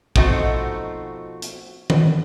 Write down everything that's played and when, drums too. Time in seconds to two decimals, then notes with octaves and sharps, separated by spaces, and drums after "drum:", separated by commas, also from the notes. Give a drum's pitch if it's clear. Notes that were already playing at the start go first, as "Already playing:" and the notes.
0.16 B2 F3 A3 C4 D#4 F#4, drum: kick
1.42 drum: hi-hat
1.90 drum: tom D#3